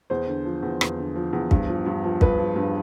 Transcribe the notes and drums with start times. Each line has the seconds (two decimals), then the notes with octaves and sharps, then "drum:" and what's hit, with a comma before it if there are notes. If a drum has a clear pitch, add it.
0.10 E2 C5
0.27 D3
0.45 F3
0.63 E2
0.81 E2, drum: rim click
0.98 D3
1.15 F3
1.33 E2
1.51 G2, drum: kick
1.68 F3
1.86 G2
2.04 F3
2.21 G2 B4, drum: kick
2.38 F3
2.56 G2